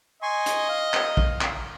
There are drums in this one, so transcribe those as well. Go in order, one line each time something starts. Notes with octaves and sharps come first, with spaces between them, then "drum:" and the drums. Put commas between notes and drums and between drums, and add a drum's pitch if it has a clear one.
D#5 G#5 C6 C#6
drum: hi-hat
F5
drum: clap
drum: kick A#1
drum: clap